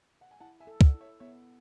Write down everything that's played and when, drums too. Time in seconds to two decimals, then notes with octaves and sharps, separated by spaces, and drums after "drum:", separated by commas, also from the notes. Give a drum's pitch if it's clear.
0.21 F#5
0.31 G#5
0.40 E4 F#5 A5
0.60 E5 G#5
0.67 A4
0.81 D5 F#5, drum: kick
0.95 E4
1.01 C#5 E5
1.20 B3 C#5 E5